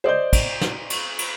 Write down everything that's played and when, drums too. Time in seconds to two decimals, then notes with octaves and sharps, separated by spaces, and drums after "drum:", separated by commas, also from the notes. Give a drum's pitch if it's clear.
0.04 C5 D5 D#5 G6
0.33 drum: kick, cymbal
0.61 drum: snare
0.90 drum: cymbal
1.19 drum: cymbal